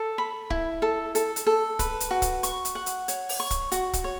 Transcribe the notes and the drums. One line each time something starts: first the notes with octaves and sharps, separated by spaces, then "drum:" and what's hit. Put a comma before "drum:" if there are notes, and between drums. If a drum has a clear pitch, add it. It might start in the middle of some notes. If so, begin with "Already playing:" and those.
Already playing: A4
B5
E4, drum: kick
A4
A4, drum: hi-hat
drum: hi-hat
A4
B4, drum: kick, hi-hat
drum: hi-hat
F#4
drum: kick, hi-hat
C#6, drum: hi-hat
drum: hi-hat
F#5
drum: hi-hat
C#5, drum: hi-hat
drum: open hi-hat
C#6
drum: kick, hi-hat
F#4, drum: hi-hat
drum: kick, hi-hat
C#5